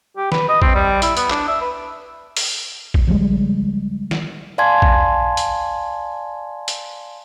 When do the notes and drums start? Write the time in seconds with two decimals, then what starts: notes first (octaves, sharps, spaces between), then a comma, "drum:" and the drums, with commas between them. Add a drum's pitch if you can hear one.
0.17 G4
0.32 B4, drum: snare
0.49 D#5
0.62 C4, drum: kick
0.75 G3
1.02 E4, drum: hi-hat
1.17 B3, drum: hi-hat
1.30 D4, drum: clap
1.48 E5
1.61 B4
2.37 drum: open hi-hat
2.94 drum: kick
3.07 C#3 F3 G3 G#3
4.11 drum: snare
4.58 D5 F5 G#5 A5 C6 G#6
4.82 drum: kick
5.37 drum: hi-hat
6.68 drum: hi-hat